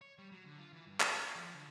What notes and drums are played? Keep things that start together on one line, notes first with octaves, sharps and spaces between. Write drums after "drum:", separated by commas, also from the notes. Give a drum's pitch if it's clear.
C#5
G3
F#3
D3
F4
E3
G2
A#3, drum: clap
F4
F3
D3